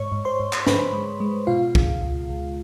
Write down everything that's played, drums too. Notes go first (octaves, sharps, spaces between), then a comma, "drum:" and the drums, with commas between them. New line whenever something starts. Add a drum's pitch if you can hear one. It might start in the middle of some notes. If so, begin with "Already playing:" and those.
Already playing: G#2 C#5 C#6
G#2
C5 C6
G#2
drum: clap
G#2 B4 B5, drum: snare
G#3
G#3
B2 F4 F5
C#2, drum: kick
C#2
C#2